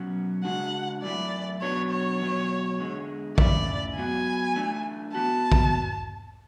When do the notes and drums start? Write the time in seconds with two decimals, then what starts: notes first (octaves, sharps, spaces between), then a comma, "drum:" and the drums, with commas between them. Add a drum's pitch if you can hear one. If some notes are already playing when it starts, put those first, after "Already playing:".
Already playing: B2 F#3 C#4 F#4
0.44 C#3 G#3 D4 F#4 F#5
1.03 F#2 E3 A3 E4 D5
1.61 B2 F#3 B3 D4 C#5
1.91 C#5
2.21 E2 B2 F#3
2.80 E2 D3 G#3
3.38 C#3 E3 A3 E4 D5, drum: kick A#1
3.96 G#2 F#3 B3 F#4 G#5
4.56 E3 A3 D4
5.14 E3 B3 F#4 A5
5.52 drum: kick A#1